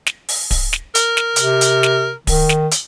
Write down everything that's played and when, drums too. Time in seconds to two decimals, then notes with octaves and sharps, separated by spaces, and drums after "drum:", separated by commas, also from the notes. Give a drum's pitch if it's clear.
0.06 drum: snare
0.29 drum: open hi-hat
0.51 drum: kick D1, open hi-hat
0.73 drum: snare
0.95 A#4, drum: hi-hat
1.17 drum: snare
1.36 C3, drum: hi-hat
1.61 drum: hi-hat
1.83 drum: snare
2.27 D#3, drum: kick D1, open hi-hat
2.49 drum: snare
2.71 drum: hi-hat